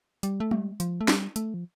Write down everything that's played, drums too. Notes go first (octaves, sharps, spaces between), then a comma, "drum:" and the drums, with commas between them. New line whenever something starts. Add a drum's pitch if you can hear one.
G3, drum: hi-hat
A3
G3, drum: tom G#3
F3, drum: hi-hat
A3
G3, drum: snare
A3, drum: hi-hat
F3